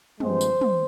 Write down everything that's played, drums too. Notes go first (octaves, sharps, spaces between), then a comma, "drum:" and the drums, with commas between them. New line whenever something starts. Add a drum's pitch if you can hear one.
G2 F3 G#3 C4 C5, drum: tom
drum: tambourine
drum: tom